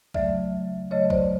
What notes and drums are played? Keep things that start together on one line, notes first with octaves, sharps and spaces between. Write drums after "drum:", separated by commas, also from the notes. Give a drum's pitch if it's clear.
D2 C#3 F#3 A3 D5 E5, drum: kick A#1
D2 C#3 F#3 A3 C#5 D#5
C5 D5, drum: kick A#1